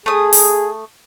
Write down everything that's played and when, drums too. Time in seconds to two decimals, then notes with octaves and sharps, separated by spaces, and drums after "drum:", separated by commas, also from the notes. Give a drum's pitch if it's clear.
0.06 A3 G#4 D#6
0.33 drum: open hi-hat